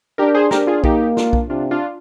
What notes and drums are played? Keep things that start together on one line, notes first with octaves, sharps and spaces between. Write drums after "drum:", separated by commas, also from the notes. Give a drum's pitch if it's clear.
D4 G4 A#4
G#4 C5
D4 G4 A#4, drum: snare
F4 G#4
A#3 D#4 G4, drum: kick B1
D4 F4, drum: snare
drum: kick B1
C3 D4 F4
D4 F4